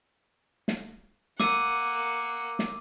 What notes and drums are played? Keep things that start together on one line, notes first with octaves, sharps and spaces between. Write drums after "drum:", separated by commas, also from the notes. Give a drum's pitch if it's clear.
drum: snare
A#3 F#5 D6 E6 D#7, drum: snare
drum: snare